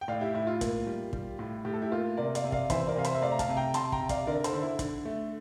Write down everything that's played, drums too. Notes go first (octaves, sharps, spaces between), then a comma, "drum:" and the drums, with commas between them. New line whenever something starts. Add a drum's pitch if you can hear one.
G5
A2 D5 F5
E4 G4
A2 E4
F4
A#3, drum: kick, hi-hat
G3
G3, drum: kick
A2
A2 G4
A4
E4 G4
A#3 F4
C3 A#4 D5
D5 F5, drum: hi-hat
C3
D5 F5, drum: kick
E3 C5 E5, drum: kick, hi-hat
A#4 D5
C3 F5
C5 E5, drum: hi-hat
E5
A3 D5 F5
A#5
F5 A5, drum: kick, hi-hat
C3
G5 A#5
C3 A5 C6, drum: hi-hat
G5 A#5, drum: kick
C3
D5 F5, drum: kick, hi-hat
D3 A#4 D5
A4 C5, drum: hi-hat
D3
E4
D3, drum: kick, hi-hat
A3